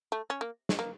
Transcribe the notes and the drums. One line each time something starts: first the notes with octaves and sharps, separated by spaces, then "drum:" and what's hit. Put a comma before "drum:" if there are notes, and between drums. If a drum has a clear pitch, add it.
A3
C#4
A#3
drum: snare
A#3